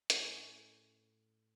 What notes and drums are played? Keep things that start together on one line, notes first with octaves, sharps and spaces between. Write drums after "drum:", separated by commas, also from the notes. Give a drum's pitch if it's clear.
A2 C#4, drum: hi-hat